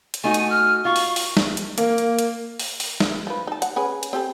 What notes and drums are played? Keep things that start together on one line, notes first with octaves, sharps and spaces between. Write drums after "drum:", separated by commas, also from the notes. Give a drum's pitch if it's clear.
drum: hi-hat
A3 D#4 F#4 G#5
drum: hi-hat
F6
F4 C#6
drum: open hi-hat
drum: open hi-hat
drum: snare
drum: hi-hat
A#3, drum: hi-hat
drum: hi-hat
drum: hi-hat
drum: open hi-hat
drum: open hi-hat
drum: snare
F3 B4
D#4 A5
F#5, drum: hi-hat
C#4 G#4 B4
drum: hi-hat
C4 G4 A4